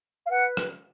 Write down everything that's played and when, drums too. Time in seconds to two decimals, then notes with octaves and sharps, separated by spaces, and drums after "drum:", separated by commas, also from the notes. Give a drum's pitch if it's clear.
0.25 F5
0.30 B4 F#5
0.57 drum: rim click